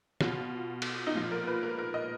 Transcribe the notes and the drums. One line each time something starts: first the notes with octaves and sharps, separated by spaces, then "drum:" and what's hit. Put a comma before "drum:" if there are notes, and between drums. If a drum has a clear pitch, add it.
B2 F4, drum: snare
drum: cymbal
D#4
A#2 F3 F4
A#4
B4
A#4
A#4
D#5